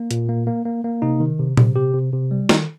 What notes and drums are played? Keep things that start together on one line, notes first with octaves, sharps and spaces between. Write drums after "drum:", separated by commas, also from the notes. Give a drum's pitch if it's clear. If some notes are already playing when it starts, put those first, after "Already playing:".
Already playing: A#3
A#2, drum: hi-hat
A#3
A#3
A#3
A#3
C3 D#4
D#3
C3
C3, drum: tom A#2
C3 G4
C3
C3
G3
D#3 D#4, drum: snare